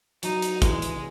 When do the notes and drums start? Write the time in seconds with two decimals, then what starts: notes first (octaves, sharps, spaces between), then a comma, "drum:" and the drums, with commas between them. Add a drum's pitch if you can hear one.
0.23 F#3 D#4, drum: hi-hat
0.42 drum: hi-hat
0.62 E3 G#3, drum: kick, hi-hat
0.82 drum: hi-hat